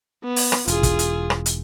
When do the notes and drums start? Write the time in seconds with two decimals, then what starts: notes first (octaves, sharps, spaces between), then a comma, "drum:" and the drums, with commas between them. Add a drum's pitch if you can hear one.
0.24 B3
0.36 drum: open hi-hat
0.52 drum: rim click
0.68 E1 F4 G#4, drum: hi-hat
0.83 drum: kick, hi-hat
0.99 drum: hi-hat
1.30 drum: rim click
1.46 drum: hi-hat